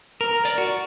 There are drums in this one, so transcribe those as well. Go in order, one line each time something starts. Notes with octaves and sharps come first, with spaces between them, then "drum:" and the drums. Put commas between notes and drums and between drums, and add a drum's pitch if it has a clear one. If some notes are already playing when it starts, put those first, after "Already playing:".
A#4
D5, drum: hi-hat
F#4